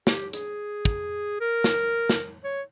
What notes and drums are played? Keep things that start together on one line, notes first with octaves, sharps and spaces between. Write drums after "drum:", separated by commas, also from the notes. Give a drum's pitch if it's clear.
G4, drum: snare
G#4, drum: hi-hat
drum: kick
A#4
drum: snare
drum: snare
C#5